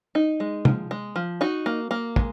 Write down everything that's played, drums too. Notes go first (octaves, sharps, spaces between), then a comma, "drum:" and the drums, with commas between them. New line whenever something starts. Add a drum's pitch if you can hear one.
D#4
G#3
F3, drum: tom
G#3
F3
D#4 F#4
A#3
A#3
G#3, drum: kick